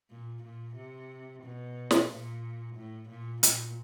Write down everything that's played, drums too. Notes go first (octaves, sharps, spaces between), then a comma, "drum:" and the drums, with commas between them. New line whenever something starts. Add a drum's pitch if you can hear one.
A#2
A#2
C3
B2
drum: snare
A#2
A2
A#2
A#2, drum: hi-hat